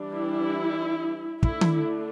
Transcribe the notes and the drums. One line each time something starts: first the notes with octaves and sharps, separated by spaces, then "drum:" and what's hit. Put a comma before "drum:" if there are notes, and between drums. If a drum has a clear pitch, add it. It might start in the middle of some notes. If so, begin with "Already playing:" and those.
Already playing: E3 G3 D4
E4
D3 A3 D4 E4, drum: kick
drum: tom D#3